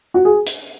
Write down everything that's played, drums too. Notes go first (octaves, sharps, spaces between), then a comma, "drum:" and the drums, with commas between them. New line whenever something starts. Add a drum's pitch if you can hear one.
F#4
G#4
drum: hi-hat